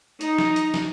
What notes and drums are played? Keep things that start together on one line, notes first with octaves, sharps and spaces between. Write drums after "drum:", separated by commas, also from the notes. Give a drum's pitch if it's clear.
D#4, drum: hi-hat
drum: snare
drum: hi-hat
drum: snare